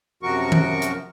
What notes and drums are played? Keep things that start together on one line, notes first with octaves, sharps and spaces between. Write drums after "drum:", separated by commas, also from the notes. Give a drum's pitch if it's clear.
F#2 C3 F3 F#4 A#4 C#6
drum: tom D#3
drum: hi-hat